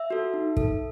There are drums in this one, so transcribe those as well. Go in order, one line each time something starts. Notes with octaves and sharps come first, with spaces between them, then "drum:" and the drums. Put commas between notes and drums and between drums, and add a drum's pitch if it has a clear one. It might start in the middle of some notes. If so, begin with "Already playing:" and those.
Already playing: E5 E6
F#4 A4
D#4
A4, drum: kick